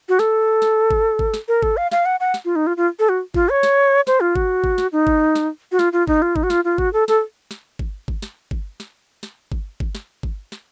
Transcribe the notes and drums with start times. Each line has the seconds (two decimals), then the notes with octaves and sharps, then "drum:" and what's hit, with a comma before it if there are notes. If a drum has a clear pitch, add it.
0.09 F#4
0.19 A4, drum: snare
0.62 drum: snare
0.91 drum: kick G1
1.19 drum: kick G1
1.34 drum: snare
1.48 A#4
1.63 A4, drum: kick G1
1.77 F5
1.92 F5, drum: snare
2.05 F#5
2.20 F#5
2.34 drum: snare
2.45 F4
2.56 D#4
2.67 F4
2.77 F4
2.99 A4
3.09 F#4
3.34 F4, drum: kick G1
3.49 C#5
3.63 drum: snare
4.07 C5, drum: snare
4.20 F4
4.36 F#4, drum: kick G1
4.64 drum: kick G1
4.78 drum: snare
4.92 D#4
5.07 drum: kick G1
5.35 drum: snare
5.72 F#4
5.79 F4, drum: snare
5.93 F4
6.07 D#4, drum: kick G1
6.22 F4
6.36 D#4, drum: kick G1
6.43 F#4
6.50 F4, drum: snare
6.65 F4
6.78 F#4, drum: kick G1
6.93 A4
7.08 A4, drum: snare
7.51 drum: snare
7.79 drum: kick G1
8.08 drum: kick G1
8.22 drum: snare
8.51 drum: kick G1
8.80 drum: snare
9.23 drum: snare
9.52 drum: kick G1
9.80 drum: kick G1
9.95 drum: snare
10.23 drum: kick G1
10.52 drum: snare